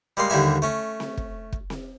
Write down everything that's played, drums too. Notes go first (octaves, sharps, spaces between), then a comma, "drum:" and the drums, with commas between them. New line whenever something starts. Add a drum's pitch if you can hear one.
G3 G#3 A#3 C6
D#2 D3 G3 A#3 E5 G#5
A3 C#4
drum: snare C4
drum: kick
drum: kick
drum: snare C4